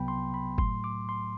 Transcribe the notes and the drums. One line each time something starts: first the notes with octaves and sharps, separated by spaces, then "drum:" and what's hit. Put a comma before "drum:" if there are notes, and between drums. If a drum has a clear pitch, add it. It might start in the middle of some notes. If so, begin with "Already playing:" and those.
Already playing: C2 C3 F#3 B3 G5 B5
C6
B5
A2 F#3 A3 C6, drum: kick G1
D6
C6